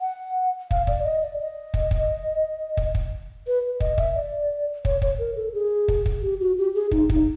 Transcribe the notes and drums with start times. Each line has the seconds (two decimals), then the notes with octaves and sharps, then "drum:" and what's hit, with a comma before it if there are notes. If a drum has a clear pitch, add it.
0.01 F#5
0.71 F5, drum: kick
0.87 D5, drum: kick
1.04 D#5
1.22 D5
1.40 D#5
1.74 drum: kick
1.91 drum: kick
2.77 drum: kick
2.95 drum: kick
3.47 B4
3.80 D#5, drum: kick
3.98 E5, drum: kick
4.16 D5
4.85 C#5, drum: kick
5.02 C#5, drum: kick
5.19 A#4
5.36 A4
5.53 G#4
5.88 drum: kick
6.06 drum: kick
6.22 G4
6.40 F#4
6.58 G4
6.75 G#4
6.91 D#4, drum: kick
7.10 D#4, drum: kick